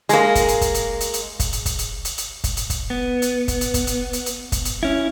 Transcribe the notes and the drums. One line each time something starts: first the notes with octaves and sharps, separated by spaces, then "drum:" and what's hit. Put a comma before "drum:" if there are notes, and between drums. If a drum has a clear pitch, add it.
G#3 A#3, drum: hi-hat
drum: kick, hi-hat
drum: hi-hat
drum: kick, hi-hat
drum: hi-hat
drum: hi-hat
drum: hi-hat
drum: kick, hi-hat
drum: hi-hat
drum: kick, hi-hat
drum: hi-hat
drum: hi-hat
drum: hi-hat
drum: kick, hi-hat
drum: hi-hat
drum: kick, hi-hat
B3
drum: hi-hat
drum: kick, hi-hat
drum: hi-hat
drum: kick, hi-hat
drum: hi-hat
drum: hi-hat
drum: hi-hat
drum: kick, hi-hat
drum: hi-hat
C#4 E4